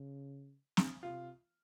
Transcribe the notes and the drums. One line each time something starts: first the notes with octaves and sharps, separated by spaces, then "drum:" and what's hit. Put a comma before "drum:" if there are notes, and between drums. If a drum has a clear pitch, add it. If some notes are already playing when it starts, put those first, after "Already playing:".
Already playing: C#3
drum: snare
C3 F4